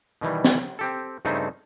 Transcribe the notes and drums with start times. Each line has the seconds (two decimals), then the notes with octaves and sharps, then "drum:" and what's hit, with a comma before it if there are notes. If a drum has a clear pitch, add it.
0.21 B2 D#3 E3 G3
0.44 drum: snare
0.79 C4 G4 A4
1.25 G2 C#3 A3 C4 D#4 C5